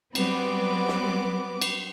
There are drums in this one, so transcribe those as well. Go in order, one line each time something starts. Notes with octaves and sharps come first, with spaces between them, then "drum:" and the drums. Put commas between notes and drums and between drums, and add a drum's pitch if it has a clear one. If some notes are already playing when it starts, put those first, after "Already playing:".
F#3 G3 B3 C4 B4 D6, drum: cymbal
drum: snare
drum: cymbal